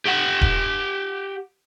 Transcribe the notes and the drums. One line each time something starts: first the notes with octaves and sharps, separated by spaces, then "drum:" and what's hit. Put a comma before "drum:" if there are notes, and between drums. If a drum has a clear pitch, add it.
G4 F#5
drum: kick D#1